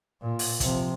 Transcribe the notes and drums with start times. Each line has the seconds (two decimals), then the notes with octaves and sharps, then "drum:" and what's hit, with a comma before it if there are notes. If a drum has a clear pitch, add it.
0.22 A#2
0.39 drum: open hi-hat
0.60 C3 F3, drum: kick, hi-hat